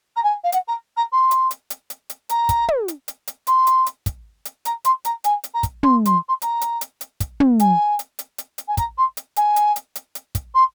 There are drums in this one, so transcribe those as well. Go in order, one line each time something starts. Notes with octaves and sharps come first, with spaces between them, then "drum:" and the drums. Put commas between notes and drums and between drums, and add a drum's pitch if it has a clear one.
A#5
G#5
F5
F#5, drum: hi-hat
A#5
A#5
C6
drum: hi-hat
drum: hi-hat
drum: hi-hat
drum: hi-hat
drum: hi-hat
A#5, drum: hi-hat
drum: kick, hi-hat
drum: tom
drum: hi-hat
drum: hi-hat
drum: hi-hat
C6, drum: hi-hat
drum: hi-hat
drum: hi-hat
drum: kick, hi-hat
drum: hi-hat
A#5, drum: hi-hat
C6, drum: hi-hat
A#5, drum: hi-hat
G#5, drum: hi-hat
drum: hi-hat
A#5
drum: kick, hi-hat
C6, drum: tom
C6, drum: hi-hat
C6
A#5, drum: hi-hat
drum: hi-hat
drum: hi-hat
drum: hi-hat
drum: kick, hi-hat
drum: tom
G#5, drum: hi-hat
drum: hi-hat
drum: hi-hat
drum: hi-hat
drum: hi-hat
G#5
A#5, drum: kick, hi-hat
C6
drum: hi-hat
G#5, drum: hi-hat
drum: hi-hat
drum: hi-hat
drum: hi-hat
drum: hi-hat
drum: kick, hi-hat
C6